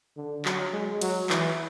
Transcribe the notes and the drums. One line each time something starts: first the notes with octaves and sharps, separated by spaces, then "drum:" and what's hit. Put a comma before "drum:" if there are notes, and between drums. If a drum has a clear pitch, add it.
D3
F#3, drum: clap
G#3
F#3, drum: cymbal
E3, drum: clap